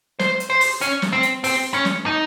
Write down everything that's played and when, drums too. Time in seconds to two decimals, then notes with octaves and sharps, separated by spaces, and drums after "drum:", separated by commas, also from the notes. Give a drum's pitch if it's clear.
0.20 C5, drum: snare
0.40 drum: hi-hat
0.50 C5
0.61 drum: open hi-hat
0.81 C#4, drum: hi-hat
1.02 drum: snare
1.13 C4
1.23 drum: hi-hat
1.44 C4, drum: open hi-hat
1.74 C#4
1.85 drum: snare
2.06 D#4